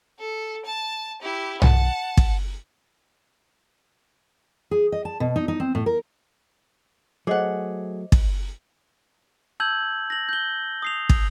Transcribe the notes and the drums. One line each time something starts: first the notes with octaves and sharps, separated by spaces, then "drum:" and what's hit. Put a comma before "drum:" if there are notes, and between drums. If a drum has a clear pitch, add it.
A4
A5
E4 G4
F#5 A5, drum: tom
drum: kick
G#4
D#5
A5
B2
D#4
D#4
C4
A2
A#4
F#3 A3 G#4 C5 D#5 F#5 D6
drum: kick
A5 E6 G6 G#6 F#7
A#6 F#7
G6 G7
D#6 C7 F7
drum: kick